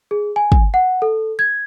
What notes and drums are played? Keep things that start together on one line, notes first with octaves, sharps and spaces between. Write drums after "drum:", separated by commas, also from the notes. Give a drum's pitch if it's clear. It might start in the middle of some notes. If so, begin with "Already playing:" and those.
G#4
G#5
drum: kick
F#5
A4
G#6